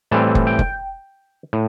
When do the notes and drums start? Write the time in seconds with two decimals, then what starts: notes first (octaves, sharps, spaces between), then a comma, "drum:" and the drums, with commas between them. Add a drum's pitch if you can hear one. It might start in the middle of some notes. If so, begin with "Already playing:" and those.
0.11 A2 E3 G3 C4 A5
0.35 drum: kick
0.47 G5
0.59 drum: kick
1.53 A2